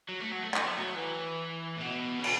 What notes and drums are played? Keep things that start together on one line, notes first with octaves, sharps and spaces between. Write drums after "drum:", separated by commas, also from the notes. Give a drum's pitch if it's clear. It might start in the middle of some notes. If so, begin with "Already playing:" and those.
F#3
A3
F#3
A3
F#3, drum: clap
A3
F#3
E3
A2
B2
C#3
B2, drum: cymbal